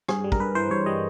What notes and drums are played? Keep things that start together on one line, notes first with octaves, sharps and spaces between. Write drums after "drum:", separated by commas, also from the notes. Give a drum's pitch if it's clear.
G2 G#4, drum: rim click
G3
A#4, drum: kick
G2 B4
E3 C5
G2 C#5
G3 D#5